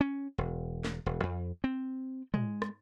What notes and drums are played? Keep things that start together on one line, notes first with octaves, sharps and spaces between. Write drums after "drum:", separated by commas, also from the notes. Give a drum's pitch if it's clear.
C#4
E1
drum: snare
E1
F2
C4
G#3, drum: tom
drum: rim click